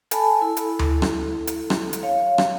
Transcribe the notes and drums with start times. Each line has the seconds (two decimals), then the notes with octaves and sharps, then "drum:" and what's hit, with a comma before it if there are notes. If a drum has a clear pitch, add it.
0.11 A4 G#5 A5 B5, drum: hi-hat
0.42 E4 A4
0.57 drum: hi-hat
0.79 drum: tom D2
1.02 drum: rim click
1.47 drum: hi-hat
1.70 drum: rim click
1.93 drum: hi-hat
2.03 C#5 F5
2.38 drum: rim click